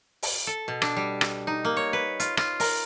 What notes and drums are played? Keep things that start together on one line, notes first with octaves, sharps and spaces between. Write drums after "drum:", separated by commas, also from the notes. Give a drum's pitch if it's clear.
drum: open hi-hat
A4
B2
D4, drum: rim click
G3
drum: rim click
D#4
A#3
C#5
B4
F4, drum: hi-hat
F4, drum: rim click
A#4, drum: open hi-hat